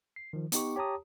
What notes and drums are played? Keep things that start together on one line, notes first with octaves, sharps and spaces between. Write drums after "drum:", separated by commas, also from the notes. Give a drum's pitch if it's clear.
C7
D#3 F3
B3 D#4 G4 C#6, drum: hi-hat
G4 C#5 A5 A#5 D#6